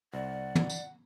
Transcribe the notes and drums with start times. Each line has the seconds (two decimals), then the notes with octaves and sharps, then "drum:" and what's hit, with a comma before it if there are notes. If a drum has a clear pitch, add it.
0.13 C2 D5 F#5
0.55 drum: tom
0.70 drum: tambourine